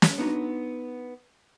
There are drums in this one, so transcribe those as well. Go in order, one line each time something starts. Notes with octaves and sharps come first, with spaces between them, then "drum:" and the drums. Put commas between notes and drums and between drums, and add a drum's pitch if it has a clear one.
drum: snare
B3 D4 D#4 F#4